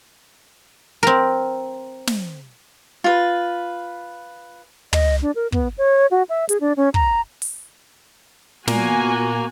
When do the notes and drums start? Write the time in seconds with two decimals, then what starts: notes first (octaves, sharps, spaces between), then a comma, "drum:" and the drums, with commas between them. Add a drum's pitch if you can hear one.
1.03 C4 A#4
2.07 drum: snare
3.04 F4 B4
4.93 D#5, drum: tom
5.22 D4
5.35 A#4
5.52 B3, drum: kick
5.78 C#5
6.11 F#4
6.29 E5
6.49 G#4, drum: hi-hat
6.60 D4
6.77 C#4
6.94 A#5, drum: kick
7.42 drum: open hi-hat
8.67 A#2 A#3 B3 F#4 G#5, drum: snare